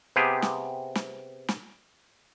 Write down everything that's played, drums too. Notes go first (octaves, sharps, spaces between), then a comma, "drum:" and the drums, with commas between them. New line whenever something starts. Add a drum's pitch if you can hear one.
C3 B3 G4 G#4
drum: snare
drum: snare
drum: snare